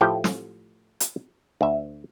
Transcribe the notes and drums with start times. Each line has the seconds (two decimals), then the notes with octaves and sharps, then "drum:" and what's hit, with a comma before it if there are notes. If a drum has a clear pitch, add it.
0.01 A2 F3 A3 G4 A4 G5
0.24 drum: snare
1.00 drum: hi-hat
1.61 D2 E5